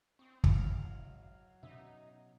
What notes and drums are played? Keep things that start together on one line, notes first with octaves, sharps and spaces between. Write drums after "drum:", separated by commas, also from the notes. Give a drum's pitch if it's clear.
C4 C#6 D#6
G#1 F#3 E4 F5, drum: kick
B2 B3 C#4 D#4 E5